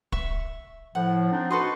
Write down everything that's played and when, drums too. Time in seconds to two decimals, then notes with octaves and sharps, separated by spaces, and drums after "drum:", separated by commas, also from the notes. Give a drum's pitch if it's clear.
0.12 E5 C#6, drum: kick
0.95 A2 F3 F#5
1.32 C4 D4 D#4
1.51 F#4 A4 B4 D#5 C6